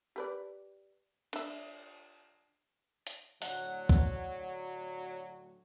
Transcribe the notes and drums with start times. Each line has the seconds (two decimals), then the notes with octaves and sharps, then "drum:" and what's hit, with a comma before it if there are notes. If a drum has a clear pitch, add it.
0.16 G4 B4 D5
1.33 D4 E5, drum: cymbal
3.07 drum: hi-hat
3.42 A2 D3 F#3 F#5, drum: open hi-hat
3.89 drum: kick